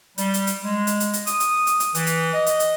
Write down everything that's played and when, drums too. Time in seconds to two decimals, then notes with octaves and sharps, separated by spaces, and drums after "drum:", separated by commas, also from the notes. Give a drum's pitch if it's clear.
0.18 G3, drum: hi-hat
0.34 drum: hi-hat
0.47 drum: hi-hat
0.64 G#3
0.87 drum: hi-hat
1.00 drum: hi-hat
1.13 drum: hi-hat
1.27 D#6, drum: hi-hat
1.40 drum: hi-hat
1.67 drum: hi-hat
1.80 drum: hi-hat
1.95 E3, drum: hi-hat
2.07 drum: hi-hat
2.33 D#5
2.46 drum: hi-hat
2.60 drum: hi-hat